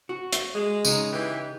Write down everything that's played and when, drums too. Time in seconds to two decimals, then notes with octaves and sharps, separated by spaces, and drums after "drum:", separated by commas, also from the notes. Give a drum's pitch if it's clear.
0.09 F#4
0.33 drum: hi-hat
0.55 G#3
0.85 C#3 D#4, drum: tambourine
1.13 E3 G4